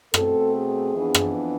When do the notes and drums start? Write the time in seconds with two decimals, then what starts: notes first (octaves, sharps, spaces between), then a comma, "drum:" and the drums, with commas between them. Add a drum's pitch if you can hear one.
0.14 B2 A3 C4 A4, drum: rim click
0.55 G#4
0.94 F2 E3 B3 D4
1.15 drum: rim click